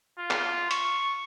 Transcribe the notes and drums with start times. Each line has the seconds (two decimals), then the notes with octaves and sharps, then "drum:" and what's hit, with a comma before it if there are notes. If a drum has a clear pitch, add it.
0.19 F4
0.31 drum: clap
0.71 C#6, drum: hi-hat